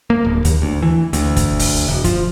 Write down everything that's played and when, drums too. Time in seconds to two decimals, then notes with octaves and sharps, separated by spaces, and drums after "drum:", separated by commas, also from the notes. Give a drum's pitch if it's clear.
0.10 A#3
0.25 D1
0.45 D#2, drum: hi-hat
0.62 D2
0.82 E3
1.13 D2, drum: hi-hat
1.36 drum: kick, hi-hat
1.59 drum: kick, open hi-hat
1.87 E1
2.04 F3, drum: kick, hi-hat